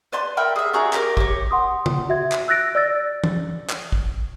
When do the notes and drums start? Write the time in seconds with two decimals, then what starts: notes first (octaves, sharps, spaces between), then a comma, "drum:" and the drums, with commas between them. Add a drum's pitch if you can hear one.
0.12 B4 D5 C6
0.37 A#4 E5 G5 B5
0.56 G#4 E5
0.73 D4 F#4 G#4 A#5
0.93 G4 A#4 D6, drum: clap
1.17 G4 C#5, drum: kick
1.51 F#5 C6 D#6
1.86 drum: tom
2.09 F#4 E5 G#6
2.32 drum: clap
2.48 E6 F#6 A6 A#6 D7
2.75 D5 E6 A6
3.24 drum: tom
3.69 drum: clap
3.92 drum: kick